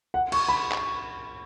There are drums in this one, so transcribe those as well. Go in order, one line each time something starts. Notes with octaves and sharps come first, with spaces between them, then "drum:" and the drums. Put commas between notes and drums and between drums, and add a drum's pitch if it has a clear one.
F#5
C#6, drum: cymbal
B5
drum: clap